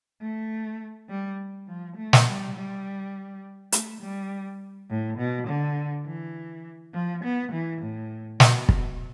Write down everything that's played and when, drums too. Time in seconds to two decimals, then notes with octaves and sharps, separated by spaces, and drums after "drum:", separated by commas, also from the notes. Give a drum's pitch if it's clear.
0.21 A3
1.09 G3
1.67 F3
1.96 A3
2.13 drum: snare
2.26 G3
2.56 G3
3.72 A3, drum: hi-hat
4.01 G3
4.90 A2
5.18 B2
5.47 D3
6.06 E3
6.94 F3
7.23 B3
7.52 E3
7.81 A2
8.40 B2, drum: snare
8.69 drum: kick